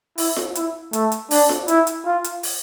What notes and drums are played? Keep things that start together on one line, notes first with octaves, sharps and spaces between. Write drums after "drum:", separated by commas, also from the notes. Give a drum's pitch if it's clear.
E4, drum: open hi-hat
drum: snare F4
E4, drum: hi-hat
A3, drum: hi-hat
drum: hi-hat
D4, drum: open hi-hat
drum: snare F4
E4, drum: hi-hat
drum: hi-hat
F4
drum: hi-hat
drum: open hi-hat